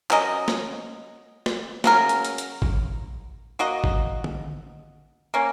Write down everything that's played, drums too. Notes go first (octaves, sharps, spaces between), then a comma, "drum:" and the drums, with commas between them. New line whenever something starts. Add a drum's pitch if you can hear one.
F#3 C#4 A#4 D#5, drum: clap
drum: snare
drum: snare
C#3 F#3 C#4 A#4, drum: snare
drum: hi-hat
drum: hi-hat
drum: hi-hat
drum: kick
A#3 F#4 D#5
drum: kick
drum: tom
A#3 C#4